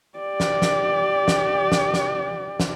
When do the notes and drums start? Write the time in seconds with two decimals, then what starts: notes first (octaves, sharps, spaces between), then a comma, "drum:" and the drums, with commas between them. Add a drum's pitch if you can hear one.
0.18 G4 D5
0.40 drum: snare
0.62 drum: snare
1.28 drum: snare
1.72 drum: snare
1.94 drum: snare
2.60 drum: snare